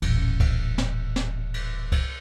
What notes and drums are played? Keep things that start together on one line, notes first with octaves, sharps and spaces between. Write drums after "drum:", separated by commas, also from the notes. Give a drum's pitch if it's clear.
D#1 A1, drum: cymbal
drum: kick C2, cymbal
drum: snare
drum: snare
drum: cymbal
drum: kick C2, cymbal